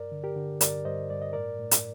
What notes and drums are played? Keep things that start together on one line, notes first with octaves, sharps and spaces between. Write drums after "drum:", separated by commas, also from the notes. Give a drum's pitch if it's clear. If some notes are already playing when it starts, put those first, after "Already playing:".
Already playing: G2 A#4 D5
D3
G4 A#4
D3
G2 A#4 D5, drum: hi-hat
G2 C5 D#5
G2 D5
D#5
A2 A#4 D5
A2
drum: hi-hat